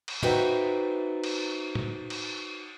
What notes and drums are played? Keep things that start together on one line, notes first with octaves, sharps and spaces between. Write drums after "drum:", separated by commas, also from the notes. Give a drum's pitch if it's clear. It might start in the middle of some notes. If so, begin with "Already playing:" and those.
drum: cymbal
D#4 F#4 B4 C5 E5 G5, drum: tom A2
drum: cymbal
drum: tom A2
drum: cymbal